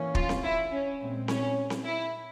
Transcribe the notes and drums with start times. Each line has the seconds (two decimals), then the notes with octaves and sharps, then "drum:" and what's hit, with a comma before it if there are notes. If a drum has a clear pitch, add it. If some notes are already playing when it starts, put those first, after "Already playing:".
Already playing: E3 A#3 C#4
0.15 F4, drum: kick
0.29 drum: snare C4
0.44 E4
0.72 C#4
1.00 A#2 G#3 C4
1.28 C#4, drum: snare C4
1.70 drum: snare C4
1.85 E4